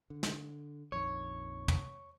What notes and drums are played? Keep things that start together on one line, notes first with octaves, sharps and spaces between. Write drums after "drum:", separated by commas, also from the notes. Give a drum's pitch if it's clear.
D3
drum: snare
A#1 F2 D#3 C#5
drum: tom